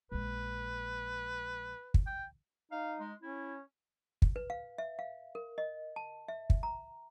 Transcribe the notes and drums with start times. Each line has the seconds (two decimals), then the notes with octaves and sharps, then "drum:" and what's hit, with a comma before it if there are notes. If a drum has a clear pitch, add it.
0.12 A#1 G#3 B4
1.94 drum: kick
2.07 G5
2.72 D#4 F5
3.00 G#3
3.22 C#4 E4
4.22 drum: kick
4.36 B4
4.50 F5
4.78 E5
4.99 F5
5.35 A#4
5.58 D#5
5.96 A5
6.28 E5
6.50 drum: kick
6.63 A#5